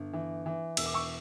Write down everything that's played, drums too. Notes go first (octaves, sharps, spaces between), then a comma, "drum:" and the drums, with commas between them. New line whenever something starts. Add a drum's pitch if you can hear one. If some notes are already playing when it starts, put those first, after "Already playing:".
Already playing: G1
E3
E3
E1 E6, drum: cymbal
D6
C#6 E6